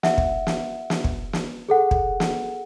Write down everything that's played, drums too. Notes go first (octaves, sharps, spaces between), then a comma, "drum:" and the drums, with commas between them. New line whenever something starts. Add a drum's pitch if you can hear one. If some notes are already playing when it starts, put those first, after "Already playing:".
E5 F#5, drum: snare
drum: kick
drum: snare
drum: snare
drum: kick
drum: snare
G#4 A4 F#5
drum: kick
drum: snare